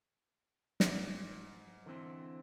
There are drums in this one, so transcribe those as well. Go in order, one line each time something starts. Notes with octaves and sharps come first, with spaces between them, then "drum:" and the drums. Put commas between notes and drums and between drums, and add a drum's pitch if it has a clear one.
G#2, drum: snare
D3 E3 C4